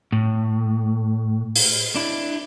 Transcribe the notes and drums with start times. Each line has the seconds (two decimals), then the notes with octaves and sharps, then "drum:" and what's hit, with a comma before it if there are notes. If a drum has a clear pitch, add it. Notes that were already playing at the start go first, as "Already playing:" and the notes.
0.12 A2
1.55 drum: open hi-hat
1.95 D4 E4